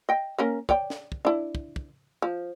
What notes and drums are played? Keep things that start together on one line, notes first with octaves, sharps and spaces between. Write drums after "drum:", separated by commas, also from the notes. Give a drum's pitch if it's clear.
D#5 G5
A#3 C#4 A#4
C#5 D5 G5, drum: kick
drum: snare
drum: kick
D4 E4
drum: kick
drum: kick
F3